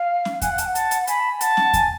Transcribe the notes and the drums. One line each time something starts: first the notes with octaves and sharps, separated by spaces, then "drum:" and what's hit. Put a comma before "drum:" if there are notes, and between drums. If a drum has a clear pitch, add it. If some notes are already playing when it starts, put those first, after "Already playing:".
Already playing: F5
drum: snare C#4
F#5 G#5, drum: kick E2, hi-hat
F5
A5, drum: hi-hat
F#5
A5, drum: hi-hat
drum: hi-hat
G#5 B5, drum: hi-hat
A5
G#5
F#5 A5, drum: hi-hat
drum: snare C#4
G#5, drum: kick E2, hi-hat